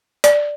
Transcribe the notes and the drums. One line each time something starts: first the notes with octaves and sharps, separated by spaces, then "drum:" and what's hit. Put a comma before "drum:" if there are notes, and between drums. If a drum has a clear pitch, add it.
D5, drum: hi-hat